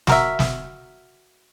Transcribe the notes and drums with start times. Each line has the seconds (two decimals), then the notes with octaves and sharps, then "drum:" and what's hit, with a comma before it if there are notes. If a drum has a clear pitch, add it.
0.07 F#4 A#4 E5, drum: snare
0.39 drum: snare